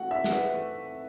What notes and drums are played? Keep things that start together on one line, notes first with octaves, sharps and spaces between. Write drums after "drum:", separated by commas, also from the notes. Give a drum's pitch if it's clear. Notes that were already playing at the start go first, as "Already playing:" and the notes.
Already playing: A3 F#4 F#5
D4 E5
F#5, drum: snare
B4 E5
A3